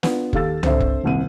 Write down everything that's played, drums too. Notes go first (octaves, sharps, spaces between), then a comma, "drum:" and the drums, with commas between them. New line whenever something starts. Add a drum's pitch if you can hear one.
B3 D4 F4, drum: snare
D#2 G4 A4 F5 E6 A6, drum: kick F#1
C4 D4 A4 C5 E5, drum: tom C2
drum: kick F#1
D#1 C2 D#7